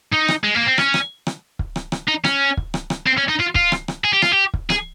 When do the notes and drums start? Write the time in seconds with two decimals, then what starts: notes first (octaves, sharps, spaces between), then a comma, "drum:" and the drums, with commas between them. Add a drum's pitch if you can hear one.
0.12 D#4
0.28 drum: rim click
0.44 G#3
0.55 A#3
0.66 C4
0.78 C#4, drum: rim click
0.94 drum: rim click
1.27 drum: rim click
1.59 drum: kick
1.76 drum: rim click
1.92 drum: rim click
2.08 D#4
2.25 C#4, drum: rim click
2.57 drum: kick
2.74 drum: rim click
2.90 drum: rim click
3.06 C4
3.17 C#4
3.28 D#4
3.39 F4
3.55 F4, drum: kick
3.72 drum: rim click
3.88 drum: rim click
4.04 G#4
4.13 G4
4.22 F4, drum: rim click
4.32 G4
4.54 drum: kick
4.70 G#4, drum: rim click